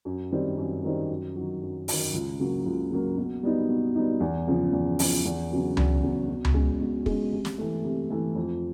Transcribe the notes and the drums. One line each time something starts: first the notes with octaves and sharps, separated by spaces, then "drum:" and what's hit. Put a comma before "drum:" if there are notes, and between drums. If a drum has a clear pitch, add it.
F#2
D#3 G3 C4 D#4
F#2
D#3 G3 C4 D#4
F#2
D#3 F#3
F#2
D#3 F#3, drum: open hi-hat
C#2
C#3 F#3 A#3
C#2
C#3 F#3 A#3
B2
G3 B3 D#4
B2
G3 B3 D#4
E2
C#3 F3
E2
C#3 F3, drum: open hi-hat
E2
C#3 F#3 B3
E2, drum: tom C#2
C#3 F#3 B3
B2
drum: tom C#2
G#3 C#4
B2
G#3 C#4, drum: kick
C3
drum: snare
E3 A3
C3
E3 A3
F2